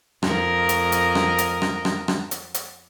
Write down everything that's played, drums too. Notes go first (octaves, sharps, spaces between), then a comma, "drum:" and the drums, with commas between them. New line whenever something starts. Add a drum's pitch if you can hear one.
F2 A#4 D#5, drum: rim click
drum: hi-hat
drum: hi-hat
drum: rim click
drum: hi-hat
drum: rim click
drum: rim click
drum: rim click
drum: hi-hat
drum: hi-hat